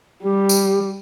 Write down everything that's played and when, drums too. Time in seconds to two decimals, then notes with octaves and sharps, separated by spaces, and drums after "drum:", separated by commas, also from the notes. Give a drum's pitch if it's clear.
0.23 G3 G4
0.49 drum: tambourine